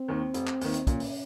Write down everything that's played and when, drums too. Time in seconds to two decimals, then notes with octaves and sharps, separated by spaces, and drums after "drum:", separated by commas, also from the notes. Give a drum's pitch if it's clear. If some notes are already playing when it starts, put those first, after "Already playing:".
Already playing: C4
0.08 D#2 D#3
0.34 F1, drum: hi-hat
0.47 drum: clap
0.61 D#2 D#3, drum: open hi-hat
0.74 drum: hi-hat
0.87 A#2 C#4, drum: kick, hi-hat
1.00 drum: open hi-hat